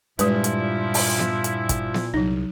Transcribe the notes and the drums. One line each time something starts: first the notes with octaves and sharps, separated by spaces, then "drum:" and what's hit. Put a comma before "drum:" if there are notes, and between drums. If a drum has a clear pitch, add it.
G2 A#2 F3 G3 G#3 E4 B4, drum: hi-hat
drum: hi-hat
drum: open hi-hat
drum: snare B3
drum: hi-hat
drum: kick, hi-hat
drum: snare B3
C2 F#3 D#4